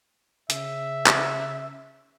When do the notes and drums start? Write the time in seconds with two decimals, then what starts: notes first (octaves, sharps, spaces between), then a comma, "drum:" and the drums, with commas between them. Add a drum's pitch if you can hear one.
0.50 C#3 E5, drum: hi-hat
1.06 drum: clap